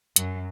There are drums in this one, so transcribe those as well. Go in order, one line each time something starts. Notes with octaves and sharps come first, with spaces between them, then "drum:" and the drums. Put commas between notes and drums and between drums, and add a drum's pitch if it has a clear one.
F#2, drum: hi-hat